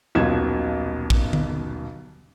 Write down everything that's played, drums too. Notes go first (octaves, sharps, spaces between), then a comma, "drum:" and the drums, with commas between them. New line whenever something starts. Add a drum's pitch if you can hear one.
D#1 B1 B2 F4 G#6 E7
drum: kick
drum: tom D3